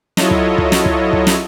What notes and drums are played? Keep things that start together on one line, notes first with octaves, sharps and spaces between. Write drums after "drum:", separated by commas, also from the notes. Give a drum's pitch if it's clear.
F#3 E4 F4 A4 C#5 D#5, drum: snare
drum: kick
drum: kick
drum: snare
drum: kick
drum: kick
drum: snare